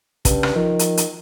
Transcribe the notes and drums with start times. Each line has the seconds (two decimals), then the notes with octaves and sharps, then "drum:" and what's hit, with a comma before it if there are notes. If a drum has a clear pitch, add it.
0.25 G2 C#3, drum: kick, hi-hat
0.43 drum: rim click
0.56 D#3 F3
0.79 drum: hi-hat
0.97 drum: hi-hat